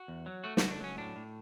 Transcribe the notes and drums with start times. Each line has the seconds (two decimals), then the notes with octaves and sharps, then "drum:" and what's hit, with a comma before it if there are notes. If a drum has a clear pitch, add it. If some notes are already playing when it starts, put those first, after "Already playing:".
Already playing: F#4
0.08 E2
0.26 F#3
0.44 A3 F#4
0.57 F#4, drum: snare
0.62 C#2
0.71 D4
0.80 F#3 C#4
0.97 A2 D4
1.16 A2